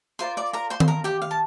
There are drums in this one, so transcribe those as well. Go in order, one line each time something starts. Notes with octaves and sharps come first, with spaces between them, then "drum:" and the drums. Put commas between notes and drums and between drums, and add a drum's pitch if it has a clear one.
F4 A#4 C5 D5 C6
D5 D6
A#4 A#5
C5 C6
C6, drum: tom D#3
A#4 A#5
G4 G5
F5
A5